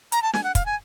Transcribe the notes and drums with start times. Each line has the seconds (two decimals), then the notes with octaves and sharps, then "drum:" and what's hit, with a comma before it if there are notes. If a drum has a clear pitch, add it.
0.12 A#5, drum: hi-hat
0.23 A5
0.33 G#5, drum: snare
0.44 F#5
0.55 F5, drum: kick, hi-hat
0.66 G#5